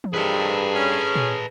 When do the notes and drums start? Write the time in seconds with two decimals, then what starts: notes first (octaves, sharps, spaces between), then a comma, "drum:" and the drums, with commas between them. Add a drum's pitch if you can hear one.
0.04 drum: tom E3
0.14 G2 C3 D#3 F3 G#4 A4 B4
0.74 C#4
1.16 drum: tom A#2